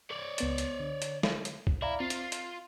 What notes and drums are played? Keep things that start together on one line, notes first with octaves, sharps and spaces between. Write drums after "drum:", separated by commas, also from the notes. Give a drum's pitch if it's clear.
C#5 D5
C#2 B3 A6, drum: hi-hat
drum: hi-hat
D3
drum: hi-hat
drum: snare
drum: hi-hat
drum: kick
E4 D5 F5 A#5
C4 F4 C7
drum: hi-hat
drum: hi-hat